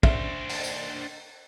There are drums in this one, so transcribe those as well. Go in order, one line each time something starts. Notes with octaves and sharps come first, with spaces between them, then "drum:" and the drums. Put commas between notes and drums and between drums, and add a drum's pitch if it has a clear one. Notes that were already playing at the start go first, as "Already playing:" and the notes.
D4 C5 E5, drum: kick
drum: open hi-hat
drum: tambourine